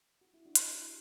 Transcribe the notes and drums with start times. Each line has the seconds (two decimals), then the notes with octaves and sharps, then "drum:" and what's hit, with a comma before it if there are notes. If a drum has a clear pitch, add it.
0.21 F#4
0.34 E4
0.45 D4 F#4
0.55 drum: hi-hat
0.73 E4 G4